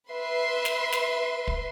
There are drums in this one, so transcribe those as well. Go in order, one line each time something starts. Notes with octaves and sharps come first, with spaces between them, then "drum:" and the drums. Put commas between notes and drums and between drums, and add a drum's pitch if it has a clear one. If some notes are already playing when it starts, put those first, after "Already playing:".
B4 E5 C6
drum: snare
drum: snare
drum: kick